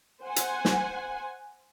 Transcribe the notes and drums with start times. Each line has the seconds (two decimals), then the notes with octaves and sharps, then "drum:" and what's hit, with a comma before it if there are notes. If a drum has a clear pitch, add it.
0.24 C5 F#5 G#5
0.36 drum: hi-hat
0.65 drum: snare